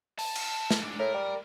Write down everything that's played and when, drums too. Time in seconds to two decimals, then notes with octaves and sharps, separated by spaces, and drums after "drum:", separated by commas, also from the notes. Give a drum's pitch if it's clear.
0.19 A5, drum: open hi-hat
0.35 drum: cymbal
0.71 drum: snare
0.80 G#2 D4
0.99 A2 A#4
1.14 G3